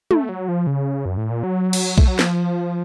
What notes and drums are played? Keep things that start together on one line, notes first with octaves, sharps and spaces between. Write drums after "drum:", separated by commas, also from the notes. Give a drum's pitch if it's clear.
A3, drum: tom
F#3
F3
C#3
F#2
A2
A#2
F#3
drum: cymbal
A3, drum: kick B1
F#3
F3, drum: snare